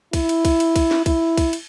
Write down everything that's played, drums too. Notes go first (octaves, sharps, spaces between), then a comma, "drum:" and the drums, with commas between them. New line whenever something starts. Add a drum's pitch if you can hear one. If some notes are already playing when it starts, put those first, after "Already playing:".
E4, drum: kick, cymbal
drum: cymbal
drum: kick, cymbal
drum: cymbal
drum: kick, cymbal
drum: snare
E4, drum: kick, cymbal
drum: kick, cymbal
drum: cymbal